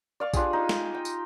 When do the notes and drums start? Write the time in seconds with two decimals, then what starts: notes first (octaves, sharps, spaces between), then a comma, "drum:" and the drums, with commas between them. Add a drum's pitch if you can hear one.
0.20 D5 F5 C#6 D6
0.34 D4 F4 G4 G#4, drum: kick A#1, tambourine
0.53 D#4
0.69 drum: snare
0.95 G5
1.05 drum: tambourine